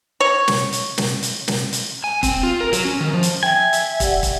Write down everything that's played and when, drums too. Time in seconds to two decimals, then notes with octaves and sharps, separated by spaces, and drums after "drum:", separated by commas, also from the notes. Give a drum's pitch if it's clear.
0.20 C#5
0.48 drum: snare
0.73 drum: hi-hat
0.98 drum: snare
1.23 drum: hi-hat
1.48 drum: snare
1.73 drum: hi-hat
2.04 G#5
2.23 C4, drum: kick, hi-hat
2.43 F4
2.60 A#4
2.73 F#3, drum: hi-hat
2.85 C#4
3.01 D#3
3.13 F3
3.23 drum: hi-hat
3.43 E5 G5 G#5
3.73 drum: hi-hat
4.00 G4 D5 F#5, drum: kick, hi-hat
4.23 drum: kick, hi-hat